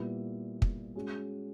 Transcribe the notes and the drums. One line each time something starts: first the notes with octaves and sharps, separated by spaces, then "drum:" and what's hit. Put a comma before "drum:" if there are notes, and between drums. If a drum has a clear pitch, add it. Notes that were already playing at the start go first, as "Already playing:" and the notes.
Already playing: A#2 G3 B3 E4 G4
drum: kick
G#3 C#4 F#4